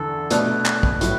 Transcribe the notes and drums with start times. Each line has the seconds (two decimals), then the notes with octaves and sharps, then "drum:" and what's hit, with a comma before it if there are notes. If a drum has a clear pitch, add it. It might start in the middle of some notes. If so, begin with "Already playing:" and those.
Already playing: E2 D3 A4
0.30 B2 A3 D4 B4, drum: hi-hat
0.66 drum: clap
0.83 drum: kick
1.01 A2 F#3, drum: hi-hat